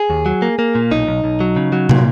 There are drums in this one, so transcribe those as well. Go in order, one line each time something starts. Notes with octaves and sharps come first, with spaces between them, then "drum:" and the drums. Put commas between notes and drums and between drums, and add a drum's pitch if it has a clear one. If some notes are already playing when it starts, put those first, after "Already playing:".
Already playing: G#4
D#2
F#3
A#3
A#3
A#2
B1 D#4
B1
B1
F#3
C#3
F#3
A#2, drum: tom